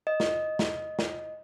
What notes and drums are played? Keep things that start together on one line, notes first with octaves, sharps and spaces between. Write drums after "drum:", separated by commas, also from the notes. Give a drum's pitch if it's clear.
D#5
drum: snare
drum: snare
drum: snare